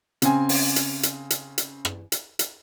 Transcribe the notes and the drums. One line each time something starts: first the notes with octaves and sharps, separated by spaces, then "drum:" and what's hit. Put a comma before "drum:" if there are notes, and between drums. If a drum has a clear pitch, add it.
C#3 C4 G#5, drum: hi-hat
drum: open hi-hat
drum: hi-hat
drum: hi-hat
drum: hi-hat
drum: hi-hat
drum: rim click
drum: hi-hat
drum: hi-hat